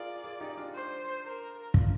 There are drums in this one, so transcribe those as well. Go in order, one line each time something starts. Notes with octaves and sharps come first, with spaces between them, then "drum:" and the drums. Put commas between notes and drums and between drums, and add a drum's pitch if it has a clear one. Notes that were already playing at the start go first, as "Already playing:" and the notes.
Already playing: F4 G#4 A#4 D5
F4 G#4
D#4 G4
D4 F4
C5
A#4
D4 F4, drum: kick